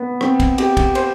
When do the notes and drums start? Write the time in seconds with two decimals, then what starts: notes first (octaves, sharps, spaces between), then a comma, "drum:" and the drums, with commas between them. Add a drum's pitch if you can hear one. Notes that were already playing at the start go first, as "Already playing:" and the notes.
Already playing: B3
0.21 C4, drum: rim click
0.40 drum: kick, cymbal
0.58 G4, drum: cymbal
0.77 drum: kick, cymbal
0.95 C5, drum: cymbal